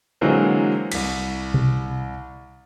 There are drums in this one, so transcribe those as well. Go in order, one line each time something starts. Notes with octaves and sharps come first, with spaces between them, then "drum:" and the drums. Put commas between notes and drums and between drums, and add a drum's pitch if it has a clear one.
D3 E3 F#3 G#3 A#3 C4
C2 B6, drum: cymbal
drum: tom B2